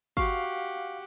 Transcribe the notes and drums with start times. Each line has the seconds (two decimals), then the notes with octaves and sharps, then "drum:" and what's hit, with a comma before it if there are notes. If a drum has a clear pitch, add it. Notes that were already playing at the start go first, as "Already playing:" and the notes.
0.17 F#4 G4 F5 F#5 C#6, drum: kick